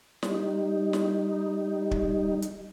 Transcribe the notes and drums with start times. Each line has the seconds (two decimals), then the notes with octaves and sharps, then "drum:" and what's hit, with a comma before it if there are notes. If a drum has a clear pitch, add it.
0.23 G3 D#4, drum: snare
0.93 drum: snare
1.91 drum: kick
2.42 drum: hi-hat